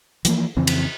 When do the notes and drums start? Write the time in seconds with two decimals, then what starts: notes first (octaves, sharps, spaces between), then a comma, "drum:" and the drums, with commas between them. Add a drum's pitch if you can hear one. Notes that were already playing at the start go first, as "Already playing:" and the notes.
0.25 E3 F3 A#3, drum: hi-hat
0.57 F2 C#3 E3 C4
0.67 drum: cymbal